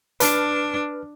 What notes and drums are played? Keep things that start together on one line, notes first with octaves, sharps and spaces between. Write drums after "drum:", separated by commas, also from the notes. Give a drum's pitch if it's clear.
D4 B4 A5 F6, drum: hi-hat